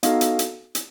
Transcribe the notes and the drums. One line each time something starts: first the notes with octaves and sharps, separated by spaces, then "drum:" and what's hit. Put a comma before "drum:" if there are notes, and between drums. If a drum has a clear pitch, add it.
B3 D#4 F#4 A4 D#5 F5, drum: hi-hat
drum: hi-hat
drum: hi-hat
drum: hi-hat